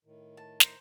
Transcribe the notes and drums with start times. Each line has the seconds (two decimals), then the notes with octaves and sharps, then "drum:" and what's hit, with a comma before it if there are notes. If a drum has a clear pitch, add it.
0.05 A2 D#3
0.37 A5
0.60 C5 A#5, drum: snare